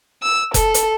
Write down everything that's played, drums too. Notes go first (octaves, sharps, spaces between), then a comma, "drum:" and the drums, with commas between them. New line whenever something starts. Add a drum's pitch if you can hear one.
E6
A4, drum: kick F1, hi-hat
drum: hi-hat